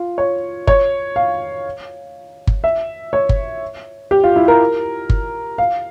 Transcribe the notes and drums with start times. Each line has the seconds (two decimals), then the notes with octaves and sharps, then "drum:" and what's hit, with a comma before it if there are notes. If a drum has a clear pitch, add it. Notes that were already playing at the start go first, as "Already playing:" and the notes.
Already playing: F4
0.18 C#5
0.67 C#5, drum: kick G1
1.16 F5
2.47 drum: kick G1
2.64 E5
3.13 C#5
3.29 drum: kick G1
4.11 G4
4.24 F4
4.36 E4
4.48 A#4
5.10 drum: kick G1
5.58 F5